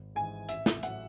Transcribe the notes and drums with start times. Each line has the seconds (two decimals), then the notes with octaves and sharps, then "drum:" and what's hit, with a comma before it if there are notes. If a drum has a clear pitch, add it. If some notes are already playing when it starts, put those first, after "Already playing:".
Already playing: G#1
0.16 G#2 E3 G#5
0.49 A1 E5, drum: hi-hat
0.66 drum: snare
0.83 A2 F#3 F#5, drum: hi-hat